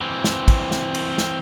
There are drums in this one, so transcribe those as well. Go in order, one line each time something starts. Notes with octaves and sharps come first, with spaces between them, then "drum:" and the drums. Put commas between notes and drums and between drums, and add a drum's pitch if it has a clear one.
E3 C4
drum: snare
drum: kick, cymbal
drum: snare
drum: cymbal
drum: snare